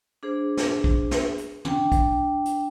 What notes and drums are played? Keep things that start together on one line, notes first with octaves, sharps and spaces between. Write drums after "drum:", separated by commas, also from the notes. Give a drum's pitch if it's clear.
D4 G#4 C5
drum: snare
drum: kick
drum: snare
drum: hi-hat
D4 G5, drum: tom
drum: kick, hi-hat
drum: hi-hat